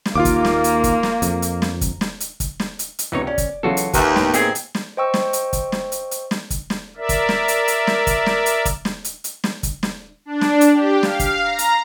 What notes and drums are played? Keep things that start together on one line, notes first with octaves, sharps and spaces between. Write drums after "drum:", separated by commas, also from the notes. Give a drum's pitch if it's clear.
drum: snare
D#2 A#3 F4 F5 D6
drum: kick, hi-hat
drum: snare
drum: hi-hat
drum: kick, hi-hat
drum: snare
F2, drum: hi-hat
drum: hi-hat
drum: snare
drum: kick, hi-hat
drum: snare
drum: hi-hat
drum: kick, hi-hat
drum: snare
drum: hi-hat
drum: hi-hat
C#2 C3 E3 D#4 C#5
C#4 D5
drum: kick, hi-hat
C#3 E3 F#3 F4 F#4 A4
drum: hi-hat
D#2 B4 E5, drum: kick, hi-hat
A2 B3 G4, drum: snare
A#3 C4 D#4 G4 G#4, drum: hi-hat
drum: hi-hat
drum: snare
C5 D#5 G5 C#6 E6
drum: snare
drum: hi-hat
drum: kick, hi-hat
drum: snare
drum: hi-hat
drum: hi-hat
drum: snare
drum: kick, hi-hat
drum: snare
A#4 D5 E5
drum: kick, hi-hat
drum: snare
drum: hi-hat
drum: hi-hat
drum: snare
drum: kick, hi-hat
drum: snare
drum: hi-hat
drum: kick, hi-hat
drum: snare
drum: hi-hat
drum: hi-hat
drum: snare
drum: kick, hi-hat
drum: snare
D4
drum: snare
drum: hi-hat
G4
F5, drum: snare
drum: kick, hi-hat
A#5
drum: hi-hat